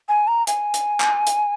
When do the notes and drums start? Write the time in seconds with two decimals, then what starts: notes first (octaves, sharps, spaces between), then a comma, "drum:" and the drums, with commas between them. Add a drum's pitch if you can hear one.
0.08 G#5
0.28 A#5
0.47 G#5, drum: hi-hat
0.74 drum: hi-hat
1.00 drum: clap
1.27 drum: hi-hat